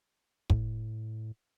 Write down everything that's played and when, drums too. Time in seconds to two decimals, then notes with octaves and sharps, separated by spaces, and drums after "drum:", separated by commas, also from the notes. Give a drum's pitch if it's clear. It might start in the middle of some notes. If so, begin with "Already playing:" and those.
0.50 A2, drum: kick